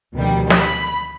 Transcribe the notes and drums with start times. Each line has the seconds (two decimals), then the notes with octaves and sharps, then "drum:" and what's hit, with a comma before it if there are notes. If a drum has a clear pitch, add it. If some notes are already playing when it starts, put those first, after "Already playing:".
0.15 D2 B2 D#3 F3 G3
0.50 B5, drum: snare